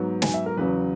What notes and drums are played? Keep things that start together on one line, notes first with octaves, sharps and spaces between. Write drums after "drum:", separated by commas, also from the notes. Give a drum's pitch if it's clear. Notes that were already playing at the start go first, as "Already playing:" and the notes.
Already playing: G#2 F#3 B3
G#5, drum: snare
E5
A#4
E2 C#3 F#3 B4